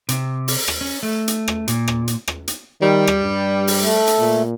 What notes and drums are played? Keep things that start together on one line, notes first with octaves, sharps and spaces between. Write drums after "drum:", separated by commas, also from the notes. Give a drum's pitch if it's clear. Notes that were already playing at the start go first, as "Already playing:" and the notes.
C3, drum: hi-hat
drum: open hi-hat
drum: rim click
C#4
A3
drum: hi-hat
drum: rim click
A#2, drum: hi-hat
drum: rim click
drum: hi-hat
drum: rim click
drum: hi-hat
D#3 G3
drum: rim click
G2
drum: open hi-hat
A3
drum: hi-hat
A#2